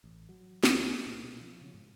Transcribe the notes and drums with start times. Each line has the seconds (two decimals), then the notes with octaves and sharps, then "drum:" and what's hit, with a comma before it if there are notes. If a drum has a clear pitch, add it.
0.04 A1
0.29 F#3
0.64 C#2, drum: snare
1.07 A#2
1.23 B2
1.41 F3
1.62 C#3
1.74 G#2